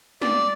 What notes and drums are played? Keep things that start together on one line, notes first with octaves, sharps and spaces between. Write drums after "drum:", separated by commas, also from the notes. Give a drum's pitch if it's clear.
D5, drum: snare